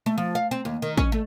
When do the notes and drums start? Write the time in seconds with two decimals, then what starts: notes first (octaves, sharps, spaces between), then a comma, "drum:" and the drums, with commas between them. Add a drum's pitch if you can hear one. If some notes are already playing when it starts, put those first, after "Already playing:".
0.06 A3
0.18 F3
0.35 F5
0.51 C4
0.65 D#2
0.82 D#3
0.97 C#4, drum: kick
1.12 A3